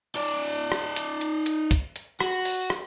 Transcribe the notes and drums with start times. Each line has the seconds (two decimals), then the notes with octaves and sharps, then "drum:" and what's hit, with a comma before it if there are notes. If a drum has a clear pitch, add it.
0.15 D#4 D5
0.72 drum: rim click
0.96 drum: hi-hat
1.21 drum: hi-hat
1.46 drum: hi-hat
1.71 drum: kick, hi-hat
1.96 drum: hi-hat
2.21 F#4, drum: rim click
2.45 drum: open hi-hat
2.70 drum: rim click